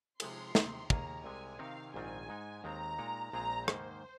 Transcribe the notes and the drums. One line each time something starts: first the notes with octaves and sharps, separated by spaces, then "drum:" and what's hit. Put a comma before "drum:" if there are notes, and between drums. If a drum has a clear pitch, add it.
C3 F3 G#3 D#4 G#4 C6, drum: cymbal
C3 D#3 C4 D#4 G#4, drum: snare
D#2 D#3 A#3 G#4 A#5, drum: kick
C2 C3 G#3 G#5
C3 D#3 C4 D#4 A#4 F5
A#1 G#2 D#3 C4 F4 G#5
G#2 G#3 D#4
D#2 D#3 G#3 C4 A#5
A#2 G#3 D#4 A#4
A#1 A#2 G#3 C4 G#4 A#5
G#2 D#3 A#3 C5, drum: rim click